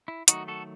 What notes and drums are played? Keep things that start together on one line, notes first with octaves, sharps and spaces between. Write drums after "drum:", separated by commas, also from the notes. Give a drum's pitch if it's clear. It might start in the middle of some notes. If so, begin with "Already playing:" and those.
E4
D#3 F#3 A3 D#4 F#4, drum: hi-hat
F#4 A4